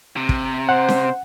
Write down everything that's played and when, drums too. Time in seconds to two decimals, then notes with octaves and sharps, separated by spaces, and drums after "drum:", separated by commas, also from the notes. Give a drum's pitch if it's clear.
0.17 C3
0.29 drum: kick
0.69 C5 F#5
0.88 drum: snare C#4